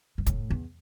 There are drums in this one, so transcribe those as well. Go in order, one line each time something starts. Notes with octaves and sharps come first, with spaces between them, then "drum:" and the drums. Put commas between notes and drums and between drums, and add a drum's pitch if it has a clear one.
G2
A2, drum: kick, hi-hat
E2